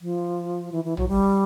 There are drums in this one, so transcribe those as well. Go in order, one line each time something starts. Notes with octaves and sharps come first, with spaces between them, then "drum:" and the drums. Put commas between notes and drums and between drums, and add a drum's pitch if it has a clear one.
F3
E3
E3
F#3, drum: tom
G3